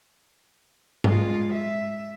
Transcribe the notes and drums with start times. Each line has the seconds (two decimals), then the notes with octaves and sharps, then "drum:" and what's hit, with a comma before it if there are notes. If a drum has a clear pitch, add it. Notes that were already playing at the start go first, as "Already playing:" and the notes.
1.04 G#3 F4, drum: tom G#2
1.54 E5